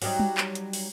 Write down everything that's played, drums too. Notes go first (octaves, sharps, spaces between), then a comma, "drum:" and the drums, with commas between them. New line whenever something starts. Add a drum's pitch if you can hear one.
F#3 G3 D#4, drum: open hi-hat
drum: tom G3
drum: clap
drum: hi-hat
drum: open hi-hat